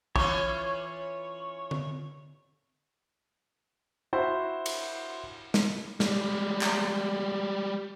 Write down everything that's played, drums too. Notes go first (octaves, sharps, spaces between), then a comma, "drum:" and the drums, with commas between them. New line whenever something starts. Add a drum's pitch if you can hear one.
E3 C#4 F4 C#5 C#6, drum: kick
drum: tom D3
E4 F#4 C5
drum: cymbal
drum: snare
G3 G#3, drum: snare
drum: clap